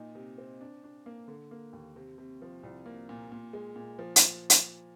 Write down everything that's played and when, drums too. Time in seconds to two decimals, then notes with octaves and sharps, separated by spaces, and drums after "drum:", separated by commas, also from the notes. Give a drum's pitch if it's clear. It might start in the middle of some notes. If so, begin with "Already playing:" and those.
Already playing: A#2 D#4
0.15 C3
0.38 C4
0.61 D4
0.84 D4
1.06 A#3
1.28 D3
1.51 A#3
1.73 D#2
1.96 C3
2.18 C3
2.42 F3
2.63 C2
2.86 A#3
3.09 A#2
3.32 A#2
3.53 G#3
3.76 A#2
3.99 F3
4.16 drum: hi-hat
4.50 drum: hi-hat